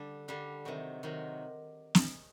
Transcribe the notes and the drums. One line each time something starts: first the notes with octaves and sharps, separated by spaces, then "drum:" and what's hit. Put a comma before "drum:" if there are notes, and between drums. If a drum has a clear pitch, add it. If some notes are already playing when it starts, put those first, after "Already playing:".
Already playing: D3 G3 D4
D3 G3 D4
C3 D#3 F#3
C3 D#3 F#3
drum: snare